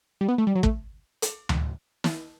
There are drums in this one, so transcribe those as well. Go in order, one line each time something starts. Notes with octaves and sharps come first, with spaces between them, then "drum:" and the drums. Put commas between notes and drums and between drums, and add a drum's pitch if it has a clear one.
G3
B3
A3
G3
F#3
A3, drum: kick
drum: hi-hat
drum: tom D2
drum: snare